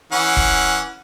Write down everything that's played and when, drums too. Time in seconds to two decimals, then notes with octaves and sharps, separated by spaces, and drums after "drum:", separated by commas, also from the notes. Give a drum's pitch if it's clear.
0.12 E3 C#4 F#5
0.36 drum: kick